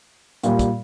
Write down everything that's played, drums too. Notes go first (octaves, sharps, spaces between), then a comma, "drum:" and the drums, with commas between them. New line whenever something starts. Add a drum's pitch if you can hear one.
A#2 G3 A#3, drum: hi-hat
drum: kick, hi-hat